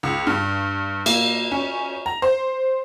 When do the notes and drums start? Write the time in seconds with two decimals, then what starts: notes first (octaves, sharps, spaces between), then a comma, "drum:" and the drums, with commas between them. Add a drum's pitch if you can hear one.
0.03 C#2
0.27 G2
1.06 A#3, drum: cymbal
1.52 C#4
2.06 A#5
2.22 C5